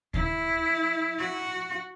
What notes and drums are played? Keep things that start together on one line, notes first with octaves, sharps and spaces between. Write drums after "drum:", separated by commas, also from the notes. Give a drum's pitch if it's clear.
E4, drum: kick D2
F#4